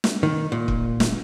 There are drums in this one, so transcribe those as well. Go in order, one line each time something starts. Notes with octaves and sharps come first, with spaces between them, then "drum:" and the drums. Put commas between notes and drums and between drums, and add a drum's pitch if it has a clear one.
drum: snare
D#3
A#2
drum: kick
drum: snare